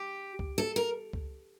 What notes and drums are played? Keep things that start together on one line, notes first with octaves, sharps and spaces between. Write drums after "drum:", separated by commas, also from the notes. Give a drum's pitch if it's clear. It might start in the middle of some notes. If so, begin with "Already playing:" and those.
Already playing: G4
drum: kick C#2
A4
A#4
drum: kick C#2